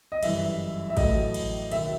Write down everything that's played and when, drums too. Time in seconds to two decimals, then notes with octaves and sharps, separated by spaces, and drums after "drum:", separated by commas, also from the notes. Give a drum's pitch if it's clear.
0.12 D#5
0.23 G1 F#2 E3 G3 E5, drum: cymbal
0.90 E5
0.97 A1 A2 F#3 A3 D#5, drum: kick, cymbal
1.34 drum: cymbal
1.71 D#2 D#3 F#3 E5, drum: cymbal